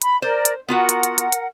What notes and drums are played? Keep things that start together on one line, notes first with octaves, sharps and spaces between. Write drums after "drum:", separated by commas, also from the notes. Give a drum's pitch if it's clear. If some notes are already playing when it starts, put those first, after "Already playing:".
B5, drum: hi-hat
A#4 C5 D5
drum: hi-hat
B3 F4 F#4 A#4 F#5
drum: hi-hat
drum: hi-hat
drum: hi-hat
drum: hi-hat